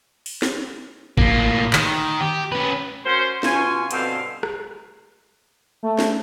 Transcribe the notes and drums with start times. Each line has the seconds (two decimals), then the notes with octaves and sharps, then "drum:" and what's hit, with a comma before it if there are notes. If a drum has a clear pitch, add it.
0.26 drum: open hi-hat
0.42 drum: snare
1.17 A2 A#3, drum: kick G#1
1.73 D#3, drum: clap
2.21 G4
2.52 C#4 B4
3.05 C#4 F#4 A#4 C5
3.43 B2 F4 C#5 G#5, drum: snare
3.91 G2 B2 D3 C4 G4 F5, drum: hi-hat
4.43 drum: rim click
5.83 A3
5.99 drum: snare